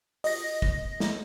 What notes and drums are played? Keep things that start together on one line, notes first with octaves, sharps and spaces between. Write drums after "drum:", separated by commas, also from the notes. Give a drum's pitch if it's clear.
D#5 A#6, drum: open hi-hat
drum: kick
drum: snare